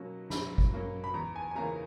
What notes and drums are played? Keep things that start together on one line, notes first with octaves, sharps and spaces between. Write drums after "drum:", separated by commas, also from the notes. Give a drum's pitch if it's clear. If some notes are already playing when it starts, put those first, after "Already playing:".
Already playing: B2 F#3 A#3 C#4
B2 B5, drum: snare
drum: kick
F#3 A#3 C#4
B5
E2 A#5
G#5
G#5
C#3 E3 A#3 C#4 A#5